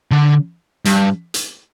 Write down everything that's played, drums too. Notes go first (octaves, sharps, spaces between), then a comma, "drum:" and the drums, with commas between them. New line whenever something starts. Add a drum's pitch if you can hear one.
D3
G2, drum: hi-hat
drum: hi-hat